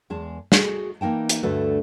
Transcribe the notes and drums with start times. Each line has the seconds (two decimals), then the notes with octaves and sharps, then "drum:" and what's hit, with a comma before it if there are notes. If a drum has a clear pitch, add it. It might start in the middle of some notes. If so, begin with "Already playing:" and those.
0.10 E2 G#3 G#4 A5
0.52 F#4 G#4, drum: snare
1.01 E3 A#3 D#4 G5 A5
1.29 drum: hi-hat
1.43 D2 G2 D3 A3 F#4 B4